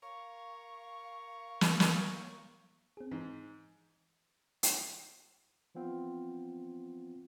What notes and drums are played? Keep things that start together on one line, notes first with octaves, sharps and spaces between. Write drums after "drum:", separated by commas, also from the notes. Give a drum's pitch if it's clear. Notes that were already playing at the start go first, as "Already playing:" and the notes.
A#4 C#5 F5 C#6
drum: snare
drum: snare
C4 G#4
G#2 E3
drum: hi-hat
E3 F3 B3 C4 F4